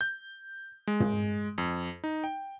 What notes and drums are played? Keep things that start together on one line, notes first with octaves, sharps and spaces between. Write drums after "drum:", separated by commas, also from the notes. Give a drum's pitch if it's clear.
G6
G#3
drum: tom
F2
D#4
G5